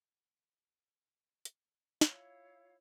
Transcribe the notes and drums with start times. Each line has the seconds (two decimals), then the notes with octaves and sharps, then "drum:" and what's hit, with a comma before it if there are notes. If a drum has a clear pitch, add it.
1.45 drum: hi-hat
2.01 E4 F4 C#5 F5, drum: snare